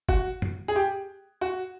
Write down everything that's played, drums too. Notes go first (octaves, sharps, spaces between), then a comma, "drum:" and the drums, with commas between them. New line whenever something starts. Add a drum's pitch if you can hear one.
F#4, drum: kick
drum: tom F#2
G#4
G4
F#4